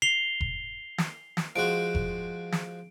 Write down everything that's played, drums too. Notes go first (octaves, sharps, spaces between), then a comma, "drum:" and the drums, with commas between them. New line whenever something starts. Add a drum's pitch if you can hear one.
C7 F7 G7
drum: kick F1
drum: snare
drum: snare
F3 G#3 F#4 D7
drum: kick F1
drum: snare